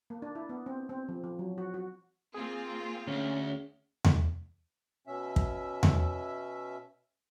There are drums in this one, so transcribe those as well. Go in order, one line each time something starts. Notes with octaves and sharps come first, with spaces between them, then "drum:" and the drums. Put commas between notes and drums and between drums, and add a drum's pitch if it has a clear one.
A#3
D4
E4
B3
C4
C4
F3
F3
F#3
F#4
F#4
A#3 C4 F4 G#4
D2 C#4
drum: tom E2
B2 C#4 E5
drum: kick
drum: tom E2